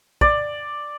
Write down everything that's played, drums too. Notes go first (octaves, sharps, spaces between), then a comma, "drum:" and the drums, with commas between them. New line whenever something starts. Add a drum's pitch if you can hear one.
D5, drum: kick